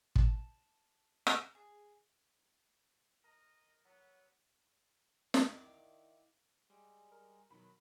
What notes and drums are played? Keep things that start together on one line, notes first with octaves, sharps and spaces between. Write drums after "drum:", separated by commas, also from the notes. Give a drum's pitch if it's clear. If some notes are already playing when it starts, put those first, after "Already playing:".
A5, drum: kick
drum: rim click
G#4
A#4 D#5
F#3 B3
D#3 E4 D5 F5, drum: snare
G3 G#3
A#4
B2 D#3 F#3 B5